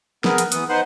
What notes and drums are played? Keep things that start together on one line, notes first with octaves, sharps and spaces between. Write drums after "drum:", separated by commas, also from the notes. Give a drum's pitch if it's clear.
B3 G#4 A#4 B4, drum: snare
drum: hi-hat
E3 B3 F#5 D#6, drum: hi-hat
D#4 B4 C5 F#5 C6 F#6